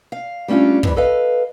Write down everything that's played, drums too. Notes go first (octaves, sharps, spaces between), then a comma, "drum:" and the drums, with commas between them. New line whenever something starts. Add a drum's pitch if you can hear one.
F5
G3 A3 C#4 D4 F4
F2 E3 G3, drum: kick
A4 B4 D#5 F5